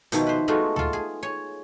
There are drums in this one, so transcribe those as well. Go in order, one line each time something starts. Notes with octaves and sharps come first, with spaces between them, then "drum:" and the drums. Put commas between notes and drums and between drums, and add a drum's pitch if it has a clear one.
B2 D#3 F3 B3 D#4 E4, drum: hi-hat
B4 C5
G#3 A3 B3 D#4 F4 F#4
F4 A4, drum: tom
G#4
C#5 G#5